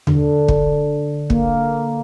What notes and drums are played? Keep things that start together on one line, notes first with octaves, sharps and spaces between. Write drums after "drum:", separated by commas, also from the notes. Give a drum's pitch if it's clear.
D3, drum: tom D#2
drum: kick
A#3, drum: kick